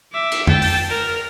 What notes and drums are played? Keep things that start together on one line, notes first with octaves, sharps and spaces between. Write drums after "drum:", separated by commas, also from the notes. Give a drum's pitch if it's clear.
E5 D6
drum: cymbal
G5 A5, drum: tom F2
drum: open hi-hat
A#4